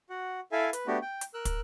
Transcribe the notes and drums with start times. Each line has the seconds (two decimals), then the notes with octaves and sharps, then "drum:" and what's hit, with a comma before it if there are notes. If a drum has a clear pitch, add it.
0.10 F#4 F#5
0.52 E4 A4 E5 F5 G#5
0.73 B4, drum: hi-hat
0.87 A3 B3 D4 F#4 G4
1.02 G5
1.21 drum: hi-hat
1.34 A#4 E6 F#6
1.45 drum: kick, hi-hat